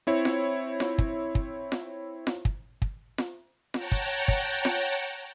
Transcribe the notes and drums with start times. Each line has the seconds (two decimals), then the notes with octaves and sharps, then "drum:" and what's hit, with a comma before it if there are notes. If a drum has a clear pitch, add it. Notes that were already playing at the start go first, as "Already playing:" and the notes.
0.07 C4 E4 C#5
0.25 drum: snare F4
0.80 drum: snare F4
0.98 drum: kick
1.35 drum: kick
1.72 drum: snare F4
2.27 drum: snare F4
2.45 drum: kick
2.82 drum: kick
3.18 drum: snare F4
3.74 C#5 F#5 G5 A5 A#5, drum: snare F4
3.92 drum: kick
4.28 drum: kick
4.65 drum: snare F4